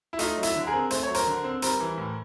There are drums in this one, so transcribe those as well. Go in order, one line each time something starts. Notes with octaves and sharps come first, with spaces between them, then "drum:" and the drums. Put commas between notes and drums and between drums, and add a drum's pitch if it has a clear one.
E4
A3 D#4 F4, drum: hi-hat
F#3
E4, drum: hi-hat
D3
G#4 A#4
C4
A3 C5, drum: hi-hat
C#5
F#3
A#4 C5, drum: hi-hat
D3
C4
G3 A#4 C5, drum: hi-hat
E3
A2